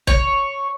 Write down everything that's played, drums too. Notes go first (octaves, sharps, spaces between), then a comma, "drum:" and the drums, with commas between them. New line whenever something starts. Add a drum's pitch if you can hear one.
C#5, drum: kick